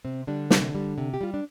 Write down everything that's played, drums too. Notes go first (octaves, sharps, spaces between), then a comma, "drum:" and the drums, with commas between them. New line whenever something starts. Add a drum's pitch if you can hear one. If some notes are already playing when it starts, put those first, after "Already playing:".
C3 C4
D3 G3 D4
C3, drum: snare
G3
C3
G4
G3 F4
D4